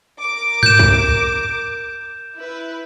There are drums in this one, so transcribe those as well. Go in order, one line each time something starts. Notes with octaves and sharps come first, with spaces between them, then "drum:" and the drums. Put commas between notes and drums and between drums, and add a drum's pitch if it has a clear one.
A#4 D6
G6 E7, drum: tom G#2
drum: kick
E4 B4